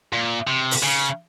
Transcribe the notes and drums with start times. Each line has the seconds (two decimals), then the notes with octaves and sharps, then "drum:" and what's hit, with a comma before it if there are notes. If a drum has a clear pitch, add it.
0.13 A#2
0.48 C3
0.71 drum: open hi-hat
0.83 C#3